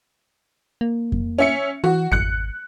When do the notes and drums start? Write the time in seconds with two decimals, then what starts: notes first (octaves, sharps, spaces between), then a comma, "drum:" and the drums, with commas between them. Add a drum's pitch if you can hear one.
0.81 A#3
1.12 drum: kick F2
1.38 C#4 E5 C#7
1.84 E3 F#4
2.12 G#1 F#6 C#7, drum: kick F2